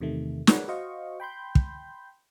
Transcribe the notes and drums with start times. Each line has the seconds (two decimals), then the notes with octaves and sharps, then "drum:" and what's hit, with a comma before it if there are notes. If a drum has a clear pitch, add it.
0.01 E2 C3 D#3 A3
0.47 G#4 A#4 B4 C#5 D5 F#5, drum: snare
0.68 F#4 C5 D#5 F5 C#6
1.20 G5 B5 C6 G6
1.55 drum: kick